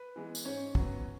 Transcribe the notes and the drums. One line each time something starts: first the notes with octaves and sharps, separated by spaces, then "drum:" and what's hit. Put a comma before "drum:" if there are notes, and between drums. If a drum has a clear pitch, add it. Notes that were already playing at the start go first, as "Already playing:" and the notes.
Already playing: B4
E3 G#3 B3
drum: tambourine
G#2 C#4 C#5
F#3 B3, drum: kick